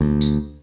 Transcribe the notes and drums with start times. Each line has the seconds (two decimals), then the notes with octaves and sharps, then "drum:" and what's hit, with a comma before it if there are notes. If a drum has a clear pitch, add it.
0.01 D2
0.21 drum: tambourine